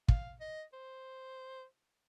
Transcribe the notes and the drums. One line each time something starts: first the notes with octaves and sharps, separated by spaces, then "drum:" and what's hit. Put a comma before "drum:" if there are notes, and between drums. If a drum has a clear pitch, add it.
F5, drum: kick
D#5
C5